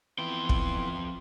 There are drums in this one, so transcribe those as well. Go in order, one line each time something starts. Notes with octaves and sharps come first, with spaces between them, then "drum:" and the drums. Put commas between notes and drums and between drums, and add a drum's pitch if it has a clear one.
F2 E3 B3 G5 C6
drum: kick